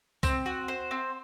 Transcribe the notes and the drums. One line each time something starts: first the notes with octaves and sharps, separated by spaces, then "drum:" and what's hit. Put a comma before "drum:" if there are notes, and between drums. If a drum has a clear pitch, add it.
C4, drum: kick C2, tambourine
F#4
C5
C4